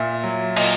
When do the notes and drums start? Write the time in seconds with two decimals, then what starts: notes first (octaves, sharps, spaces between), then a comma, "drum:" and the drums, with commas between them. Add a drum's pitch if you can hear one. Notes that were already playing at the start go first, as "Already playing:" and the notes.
Already playing: A#2 E5
0.24 F#3
0.56 A#2 D#5, drum: cymbal